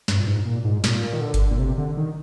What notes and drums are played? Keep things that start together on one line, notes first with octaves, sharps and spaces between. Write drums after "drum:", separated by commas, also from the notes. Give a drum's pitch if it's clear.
G2, drum: snare
A#2
G#2
A#2
G#2
A#2, drum: snare
D#3
D3
drum: kick G1, hi-hat
A#2
C3
D3
D#3